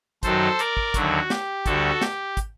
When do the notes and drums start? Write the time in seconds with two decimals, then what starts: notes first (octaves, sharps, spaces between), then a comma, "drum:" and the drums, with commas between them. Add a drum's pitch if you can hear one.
0.23 F#2 D#3 F#3 A4 C5, drum: kick, hi-hat
0.59 A#4 D5, drum: hi-hat
0.77 drum: kick
0.94 D#2 D3 F#3 F#4, drum: kick, hi-hat
1.30 G4, drum: snare
1.66 D2 D3 G3 F#4 A4, drum: kick, hi-hat
2.01 G4, drum: snare
2.37 drum: kick, hi-hat